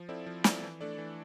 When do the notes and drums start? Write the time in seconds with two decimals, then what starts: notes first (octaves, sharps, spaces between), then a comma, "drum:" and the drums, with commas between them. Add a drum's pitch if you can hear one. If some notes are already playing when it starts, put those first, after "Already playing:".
Already playing: F3
0.09 C4 E4 A4 D5
0.26 F3
0.44 C4 E4 A4 D5, drum: snare
0.63 E3
0.81 A3 D4 A4 D5
0.98 E3